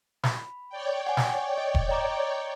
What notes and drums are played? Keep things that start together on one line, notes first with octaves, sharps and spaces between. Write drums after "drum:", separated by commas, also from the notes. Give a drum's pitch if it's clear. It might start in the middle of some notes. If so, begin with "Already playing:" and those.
B5, drum: snare
C#5 D5 G5
F#5 G#5
drum: snare
D#5
drum: kick E1
D#5 A#5 D6